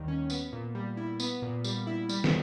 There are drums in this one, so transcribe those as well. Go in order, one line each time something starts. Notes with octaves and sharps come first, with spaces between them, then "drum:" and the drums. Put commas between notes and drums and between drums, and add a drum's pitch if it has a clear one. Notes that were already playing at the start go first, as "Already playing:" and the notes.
Already playing: D#2 D#3 G3
C#4
B3, drum: tambourine
A#2
G3
E4
B3, drum: tambourine
A#2
G3, drum: tambourine
E4
G3, drum: tambourine
drum: snare